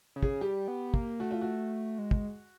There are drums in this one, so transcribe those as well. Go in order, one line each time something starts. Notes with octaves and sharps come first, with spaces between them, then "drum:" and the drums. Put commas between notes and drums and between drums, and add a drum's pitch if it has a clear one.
C#3
G#4, drum: kick
G3 G4
B3
A#3, drum: kick
A3 F#4
F4
F#4
G#3
drum: kick